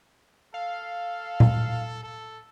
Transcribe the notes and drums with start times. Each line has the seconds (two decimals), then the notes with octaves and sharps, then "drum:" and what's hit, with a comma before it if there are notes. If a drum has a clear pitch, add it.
0.54 A4 F5
1.40 drum: tom A#2
2.03 A4